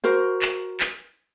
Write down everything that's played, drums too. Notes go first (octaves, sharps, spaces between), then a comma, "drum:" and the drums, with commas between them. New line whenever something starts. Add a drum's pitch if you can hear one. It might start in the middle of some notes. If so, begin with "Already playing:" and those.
F#4 A#4 C5
drum: clap
drum: clap